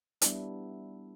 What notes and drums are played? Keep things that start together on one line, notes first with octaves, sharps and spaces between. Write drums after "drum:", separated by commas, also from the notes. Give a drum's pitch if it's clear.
G3 B3 D4 E4, drum: hi-hat